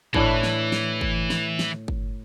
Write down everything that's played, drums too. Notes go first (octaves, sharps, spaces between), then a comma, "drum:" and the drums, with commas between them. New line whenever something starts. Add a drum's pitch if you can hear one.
A2 E3 D4 E4, drum: kick G1
drum: snare
drum: snare
drum: kick G1
drum: snare
drum: snare
drum: kick G1